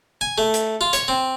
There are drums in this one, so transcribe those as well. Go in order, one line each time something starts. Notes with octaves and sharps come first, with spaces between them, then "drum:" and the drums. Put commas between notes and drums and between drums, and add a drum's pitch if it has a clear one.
G#5
A3
drum: hi-hat
F4
C#5, drum: hi-hat
C4